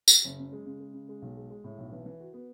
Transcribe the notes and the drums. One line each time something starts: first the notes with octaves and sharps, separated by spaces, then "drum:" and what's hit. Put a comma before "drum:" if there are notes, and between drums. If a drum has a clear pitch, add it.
drum: tambourine
F#1
F#2
G#3
C#3
G#3
C#3
G#3
B1
G#3
G#3
A2
B1
E3
E3
F#4
B3